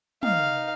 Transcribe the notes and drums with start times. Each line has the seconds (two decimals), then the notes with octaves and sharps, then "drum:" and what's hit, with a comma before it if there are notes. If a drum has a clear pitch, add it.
0.23 D#4 F5, drum: tom